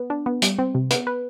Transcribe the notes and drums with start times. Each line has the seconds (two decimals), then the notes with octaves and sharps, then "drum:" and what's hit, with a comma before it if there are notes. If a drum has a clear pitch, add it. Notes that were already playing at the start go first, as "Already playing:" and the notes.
Already playing: B3
0.10 D4
0.26 B3
0.42 G3, drum: hi-hat
0.59 C4
0.75 C3
0.91 B3, drum: hi-hat
1.07 B4